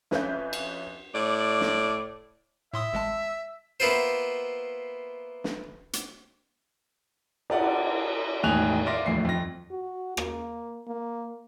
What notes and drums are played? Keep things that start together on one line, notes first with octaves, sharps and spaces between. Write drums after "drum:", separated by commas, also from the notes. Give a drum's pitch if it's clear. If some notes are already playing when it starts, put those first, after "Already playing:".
F2 C#4 B4 E5 F5 G6, drum: snare
drum: cymbal
A2 D5
drum: snare
A2 E5 C6 D#6
G#1 G#3 A5
A#3 B3 E4 F4 C5
drum: snare
drum: hi-hat
G4 D5 F#5, drum: cymbal
E1 A2 D#3 G#5 F#6 F7
D5 E5 F5 C6 D6 A#6
D#1 A#1 A2 E3 C7
F2 A#6
F#4
A#3, drum: rim click
A#3